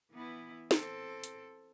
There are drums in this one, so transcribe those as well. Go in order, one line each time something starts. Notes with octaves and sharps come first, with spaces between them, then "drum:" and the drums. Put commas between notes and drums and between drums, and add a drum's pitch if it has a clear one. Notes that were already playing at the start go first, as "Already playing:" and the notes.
E3 B3 E4
C4 A4, drum: snare
drum: hi-hat